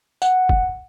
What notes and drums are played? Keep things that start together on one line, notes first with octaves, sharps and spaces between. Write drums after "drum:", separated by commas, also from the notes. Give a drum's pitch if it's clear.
F#5, drum: tambourine
drum: kick